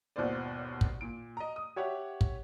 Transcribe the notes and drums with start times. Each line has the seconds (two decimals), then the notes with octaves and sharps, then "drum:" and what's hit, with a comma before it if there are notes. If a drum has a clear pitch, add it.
0.16 G#1 D#2 B2 F4 C5 D5
0.81 drum: kick
1.01 A#2 D7
1.37 D#5 A#5
1.56 D#6
1.76 G4 C#5 E5 F#5
2.21 drum: kick